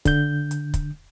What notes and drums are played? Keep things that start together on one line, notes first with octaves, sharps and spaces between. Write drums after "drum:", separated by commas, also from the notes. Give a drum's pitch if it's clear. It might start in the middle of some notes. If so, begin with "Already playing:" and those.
D3 G6, drum: kick, hi-hat
drum: hi-hat
drum: kick, hi-hat